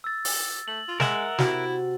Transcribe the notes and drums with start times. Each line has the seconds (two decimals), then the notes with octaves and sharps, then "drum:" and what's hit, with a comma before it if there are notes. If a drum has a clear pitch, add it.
0.04 E6 A6
0.25 drum: open hi-hat
0.68 A3 F#7
0.88 F4
1.00 G#3 A#4 E5 F#5, drum: snare
1.38 C3 E4 F#4, drum: snare